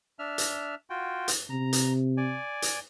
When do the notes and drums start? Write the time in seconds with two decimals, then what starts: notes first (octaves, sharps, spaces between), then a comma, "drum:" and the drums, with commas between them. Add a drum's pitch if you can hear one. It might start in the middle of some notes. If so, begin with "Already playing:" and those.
0.19 D4 E5 F6
0.38 drum: hi-hat
0.90 F4 F#4 G5
1.28 drum: hi-hat
1.50 C3 A#5
1.73 drum: hi-hat
2.17 D5 G#5
2.62 drum: hi-hat